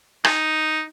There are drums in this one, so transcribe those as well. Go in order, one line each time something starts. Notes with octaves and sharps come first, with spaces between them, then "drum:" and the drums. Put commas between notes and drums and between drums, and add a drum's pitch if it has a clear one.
D#4, drum: rim click